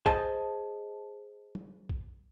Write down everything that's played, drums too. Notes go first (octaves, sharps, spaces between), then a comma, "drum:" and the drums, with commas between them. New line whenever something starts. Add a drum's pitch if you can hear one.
G#4 C5 D#5 A5, drum: kick
drum: tom
drum: kick